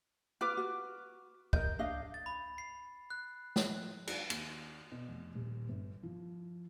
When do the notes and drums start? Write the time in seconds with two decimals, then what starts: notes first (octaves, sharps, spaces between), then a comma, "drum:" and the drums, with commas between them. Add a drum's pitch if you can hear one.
0.41 F4 B4 D6 F6
0.57 F#4
1.53 A#4 D#5 G6, drum: kick
1.79 D4 D#5 F5
2.14 A6
2.26 B5
2.58 C7
3.10 F#6
3.56 drum: snare
4.07 F#6, drum: cymbal
4.30 D#2, drum: cymbal
4.92 B2
5.08 F1
5.35 D#1
5.69 G1
6.03 F3